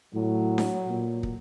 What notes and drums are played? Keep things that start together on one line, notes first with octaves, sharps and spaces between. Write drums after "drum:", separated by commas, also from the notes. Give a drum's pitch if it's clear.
A2 F#3
drum: snare D4
A#2
drum: kick